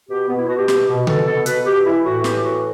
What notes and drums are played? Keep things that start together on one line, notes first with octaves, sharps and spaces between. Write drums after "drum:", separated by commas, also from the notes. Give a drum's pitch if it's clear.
B2 G4
B2 B3
E4
B2 F#4
G4
B2, drum: snare
B2
B2 A4, drum: tom C#3
B2 A4
B2 B4, drum: hi-hat
B2 G4
E3 E4
A2 F#4
E3 G4, drum: snare
A2 F#4